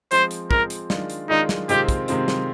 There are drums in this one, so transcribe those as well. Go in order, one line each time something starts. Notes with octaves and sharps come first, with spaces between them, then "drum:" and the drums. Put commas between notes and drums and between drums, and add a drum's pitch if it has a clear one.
F3 G#3 C4 C5, drum: hi-hat
drum: hi-hat
F3 G#3 C4 A#4, drum: kick
drum: hi-hat
D#3 G#3 D4 F4, drum: snare
drum: hi-hat
D#3 G#3 D4 D#4 F4
drum: snare
C3 D#3 G#3 C4 F4 G4, drum: hi-hat
drum: kick, hi-hat
C3 D#3 G#3 C4 F4, drum: hi-hat
drum: snare